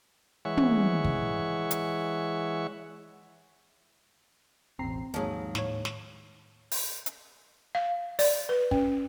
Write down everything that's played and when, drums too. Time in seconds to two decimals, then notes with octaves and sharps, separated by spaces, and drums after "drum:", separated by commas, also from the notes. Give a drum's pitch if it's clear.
0.45 E3 G#3 C#5 E5 F#5 C#6
0.57 drum: tom
1.05 drum: kick
1.71 drum: hi-hat
4.79 E1 A1 C4 A#5 C7
5.14 D#2 G#2 F3 F#3 A#3 G#4
5.55 A2 C#5, drum: snare
5.85 drum: snare
6.71 drum: open hi-hat
7.06 drum: hi-hat
7.75 F5
8.19 D5, drum: open hi-hat
8.49 B4
8.71 C#4, drum: kick